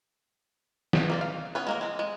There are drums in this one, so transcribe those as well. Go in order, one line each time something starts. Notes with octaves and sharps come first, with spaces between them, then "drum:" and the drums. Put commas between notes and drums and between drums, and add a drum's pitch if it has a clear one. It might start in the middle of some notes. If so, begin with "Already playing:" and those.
drum: snare
A#3 C4 D5
F5
B3 C#4 B4
G#3 A#3 A#4
G#3 C4
G#3